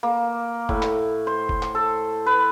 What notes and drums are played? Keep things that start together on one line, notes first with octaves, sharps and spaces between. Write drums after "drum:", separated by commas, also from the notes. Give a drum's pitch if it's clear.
A#3
A2, drum: kick F#1
drum: clap
C5
drum: kick F#1
drum: clap
A4
B4